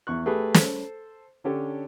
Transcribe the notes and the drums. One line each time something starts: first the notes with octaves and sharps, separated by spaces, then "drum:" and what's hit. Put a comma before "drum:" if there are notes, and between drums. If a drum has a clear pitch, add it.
E2 C#6 F#6
A3 G4 G#4 B4
A4 C5, drum: snare
D3 C#4 D4 G4 A4 C#5